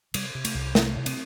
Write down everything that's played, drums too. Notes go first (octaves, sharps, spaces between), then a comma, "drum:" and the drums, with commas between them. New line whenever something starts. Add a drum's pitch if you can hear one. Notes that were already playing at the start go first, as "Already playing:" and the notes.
C3 G3, drum: cymbal
C3
A3, drum: cymbal
C2
C3 C4, drum: snare
C3
C4, drum: cymbal